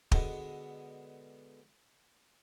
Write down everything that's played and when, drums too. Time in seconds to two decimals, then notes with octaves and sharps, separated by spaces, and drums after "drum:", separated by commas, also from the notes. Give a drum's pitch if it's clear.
0.12 B2 D3 G#3 B3, drum: kick